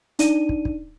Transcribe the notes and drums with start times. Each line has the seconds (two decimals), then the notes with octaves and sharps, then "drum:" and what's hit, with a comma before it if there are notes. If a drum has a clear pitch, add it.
0.19 D4 D#4 D5 D#7, drum: hi-hat
0.49 drum: kick
0.65 drum: kick